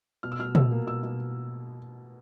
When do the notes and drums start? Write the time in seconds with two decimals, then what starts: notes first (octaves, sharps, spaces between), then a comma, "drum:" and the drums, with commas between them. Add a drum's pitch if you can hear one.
0.23 B2 F6
0.32 E6
0.39 B2 F6
0.55 B2 E6, drum: tom
0.71 A#3
0.87 B2 E6
1.03 B2